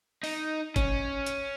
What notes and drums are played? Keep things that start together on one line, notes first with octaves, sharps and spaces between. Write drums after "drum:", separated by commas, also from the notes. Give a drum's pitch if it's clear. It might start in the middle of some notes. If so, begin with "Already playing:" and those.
D#4, drum: open hi-hat
C#4, drum: kick F#1, hi-hat
drum: hi-hat